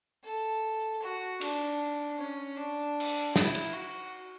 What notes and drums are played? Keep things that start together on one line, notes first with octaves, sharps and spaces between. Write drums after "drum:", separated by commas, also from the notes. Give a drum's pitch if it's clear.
A4
F#4
D4, drum: cymbal
C#4
D4
drum: cymbal
E4, drum: snare
drum: cymbal
F#4